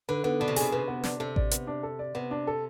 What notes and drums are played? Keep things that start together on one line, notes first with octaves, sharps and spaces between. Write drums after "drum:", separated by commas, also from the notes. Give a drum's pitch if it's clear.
D3 B4
D3 B3
B2 D4
C3
B2 G#4, drum: open hi-hat
C3 B4
B3
D4, drum: snare
C3 A4
D5, drum: kick A1
B3, drum: hi-hat
D4
A4
D5
C3 B3
D4
A4